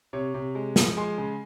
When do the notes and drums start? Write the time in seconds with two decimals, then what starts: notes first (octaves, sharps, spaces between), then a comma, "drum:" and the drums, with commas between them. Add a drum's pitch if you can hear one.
0.13 C3 C#5
0.34 C3
0.55 G#3
0.76 F3, drum: snare
0.97 G#3 G#5 C6
1.18 C#3